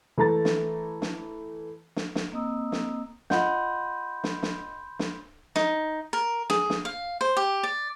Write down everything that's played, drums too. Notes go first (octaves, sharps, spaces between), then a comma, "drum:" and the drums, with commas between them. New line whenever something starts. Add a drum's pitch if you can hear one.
E3 A3 A#5 A6
drum: snare
drum: snare
drum: snare
drum: snare
A#3 C4 D#5 A#5 D#6 E6
drum: snare
F4 D#5 F#5 B5 C6 G6, drum: snare
drum: snare
drum: snare
drum: snare
D#4, drum: snare
A#4
G#4, drum: snare
drum: snare
F5
C5
G4
D5